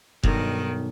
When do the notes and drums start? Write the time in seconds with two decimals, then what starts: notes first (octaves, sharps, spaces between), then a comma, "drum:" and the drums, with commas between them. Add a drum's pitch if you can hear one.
0.23 B1 G2 D#3, drum: kick F1